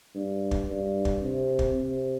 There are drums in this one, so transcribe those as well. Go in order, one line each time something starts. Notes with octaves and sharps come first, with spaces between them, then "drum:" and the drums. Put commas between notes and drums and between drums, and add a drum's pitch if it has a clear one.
G2
drum: kick
G2
drum: kick
C3
drum: kick
C3